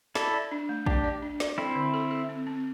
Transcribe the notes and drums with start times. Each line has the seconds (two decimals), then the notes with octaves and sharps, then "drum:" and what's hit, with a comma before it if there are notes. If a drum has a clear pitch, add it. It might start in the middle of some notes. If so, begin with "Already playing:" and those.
0.15 E4 A4 D5, drum: snare
0.34 D5
0.52 D4
0.69 A3
0.86 A3 D4 G4, drum: kick
1.04 D5
1.22 D4
1.40 D5, drum: snare
1.58 C4 E4 A4
1.75 D3
1.94 A4
2.11 A4
2.29 C4
2.47 C4